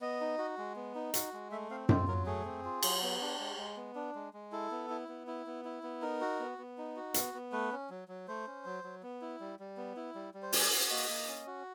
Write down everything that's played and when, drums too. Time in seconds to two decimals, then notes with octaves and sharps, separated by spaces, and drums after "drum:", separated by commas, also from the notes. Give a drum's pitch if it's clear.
0.01 B3 D#5
0.20 D#4
0.38 F#4
0.58 G#3
0.76 B3
0.95 D#4
1.14 F#4, drum: hi-hat
1.33 G#3
1.51 A3 E5
1.70 C4 F5
1.89 F4 C5, drum: tom F#2
2.08 F#3 A#4
2.26 A3 G#4
2.45 C4
2.64 F4
2.83 F#3, drum: cymbal
3.02 B3
3.21 D4
3.40 G#3
3.57 G#3
3.77 B3
3.95 D4
4.15 G#3
4.33 G#3
4.52 E4 A4
4.71 B3
4.90 E4
5.08 B3
5.27 E4
5.46 B3
5.65 E4
5.83 B3
6.02 D#4 A#4
6.21 F#4
6.40 B3
6.58 B3
6.78 D#4
6.96 F#4
7.14 B3, drum: hi-hat
7.34 B3
7.52 A3 B4
7.72 C#4
7.90 F#3
8.08 F#3
8.28 A3 C5
8.47 C#4
8.65 F#3
8.84 F#3
9.03 B3
9.22 E4
9.40 G3
9.60 G3
9.77 B3
9.96 E4
10.15 G3
10.34 G3
10.42 C5
10.53 C#4 C#5, drum: open hi-hat
10.72 F#4
10.90 A#3 D#5
11.09 A#3
11.28 C#4
11.47 F#4